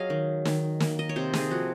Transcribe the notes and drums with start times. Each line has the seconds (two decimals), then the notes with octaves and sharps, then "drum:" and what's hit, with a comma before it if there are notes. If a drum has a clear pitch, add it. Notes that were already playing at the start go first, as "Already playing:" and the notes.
Already playing: F#3 G#4 D#5 F5
0.10 D#3
0.45 D#3, drum: snare
0.80 A#3, drum: snare
0.99 D#5
1.09 C#5
1.16 C3 C5
1.34 G#4, drum: snare
1.50 F3 F#4